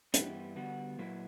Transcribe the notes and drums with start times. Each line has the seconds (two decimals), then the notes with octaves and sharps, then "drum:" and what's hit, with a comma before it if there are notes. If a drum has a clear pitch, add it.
0.14 G2 E3 B3 E4 G4, drum: hi-hat
0.56 D3 G3 B3 F#4
0.98 A#2 F#3 A#3 E4 B4